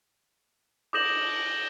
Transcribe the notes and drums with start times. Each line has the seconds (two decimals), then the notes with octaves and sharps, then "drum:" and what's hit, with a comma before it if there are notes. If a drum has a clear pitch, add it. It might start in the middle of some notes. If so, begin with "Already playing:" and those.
0.93 D6 D#6 G6 A#6 E7 F#7, drum: cymbal